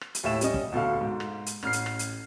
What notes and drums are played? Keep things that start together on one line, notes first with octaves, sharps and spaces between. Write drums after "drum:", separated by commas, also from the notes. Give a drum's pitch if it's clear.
drum: rim click
drum: hi-hat
D#2 A2 E5 E7
G3 C#4 D#5, drum: hi-hat
drum: kick
D2 B2 A4 F5
G#2
drum: rim click
drum: hi-hat
A1 F6 C7, drum: rim click
drum: hi-hat
drum: rim click
drum: hi-hat